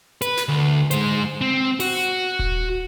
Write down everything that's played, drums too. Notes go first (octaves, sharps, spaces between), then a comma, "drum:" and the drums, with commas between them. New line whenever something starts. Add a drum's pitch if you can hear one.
B4, drum: hi-hat
drum: snare
D2
G#3 C5, drum: hi-hat
C4
F#4, drum: open hi-hat
drum: kick D#1